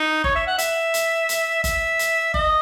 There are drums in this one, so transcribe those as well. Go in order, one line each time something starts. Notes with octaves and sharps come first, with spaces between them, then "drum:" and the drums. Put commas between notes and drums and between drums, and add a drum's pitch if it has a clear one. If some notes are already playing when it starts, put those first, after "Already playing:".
Already playing: D#4
C#5, drum: kick G1
E5
F#5
E5, drum: hi-hat
drum: hi-hat
drum: hi-hat
E5, drum: kick G1, hi-hat
drum: hi-hat
D#5, drum: kick G1